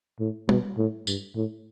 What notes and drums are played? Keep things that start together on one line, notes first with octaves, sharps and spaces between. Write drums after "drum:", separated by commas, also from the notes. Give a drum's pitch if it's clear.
A2
B2, drum: tom G3
A2
G2, drum: tambourine
A2